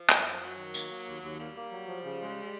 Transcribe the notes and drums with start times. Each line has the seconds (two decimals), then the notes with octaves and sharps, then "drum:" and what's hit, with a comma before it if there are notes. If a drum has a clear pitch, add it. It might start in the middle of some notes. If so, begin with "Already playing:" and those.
Already playing: F3
0.09 F#2, drum: clap
0.25 F#2
0.41 F#2 F#3
0.57 D#3
0.74 A#3, drum: tambourine
0.90 A#3
1.07 D#2
1.23 D#2
1.39 G3 A#3
1.56 A#3
1.72 F#3
1.88 F3
2.05 C#3
2.21 G#3